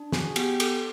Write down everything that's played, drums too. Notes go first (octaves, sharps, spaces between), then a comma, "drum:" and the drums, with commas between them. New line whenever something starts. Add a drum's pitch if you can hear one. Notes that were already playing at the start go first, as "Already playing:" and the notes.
Already playing: D4
F#4 G#4 G#5, drum: snare
B3 G4 G5, drum: cymbal
A4, drum: cymbal